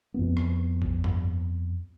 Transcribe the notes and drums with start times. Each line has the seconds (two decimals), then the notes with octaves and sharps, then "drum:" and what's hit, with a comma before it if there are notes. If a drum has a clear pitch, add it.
0.14 F2 B3
0.37 drum: rim click
0.82 drum: kick G#1
1.04 drum: tom G2